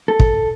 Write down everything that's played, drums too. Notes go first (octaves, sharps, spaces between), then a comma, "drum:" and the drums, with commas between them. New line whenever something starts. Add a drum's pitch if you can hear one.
A4
drum: kick